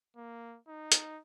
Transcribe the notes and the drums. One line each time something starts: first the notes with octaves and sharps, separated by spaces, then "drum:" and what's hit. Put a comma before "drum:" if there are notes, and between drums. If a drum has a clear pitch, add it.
A#3
D#4
drum: hi-hat